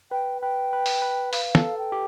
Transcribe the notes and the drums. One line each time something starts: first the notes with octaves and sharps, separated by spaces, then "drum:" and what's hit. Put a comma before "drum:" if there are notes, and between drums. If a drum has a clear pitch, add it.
B4 G5
B4 G5
B4
drum: open hi-hat
B4
B4 F5, drum: open hi-hat
A4, drum: snare
G5
G4